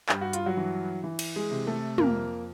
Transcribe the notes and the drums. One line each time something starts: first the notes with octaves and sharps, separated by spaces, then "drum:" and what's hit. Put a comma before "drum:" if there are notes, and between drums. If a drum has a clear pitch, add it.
G2 G4, drum: clap
F#4
F4, drum: hi-hat
F#3 F#4
E3
E3
drum: cymbal
G#3 G#4
C3
A3 A4
F2 A#3 A#4, drum: tom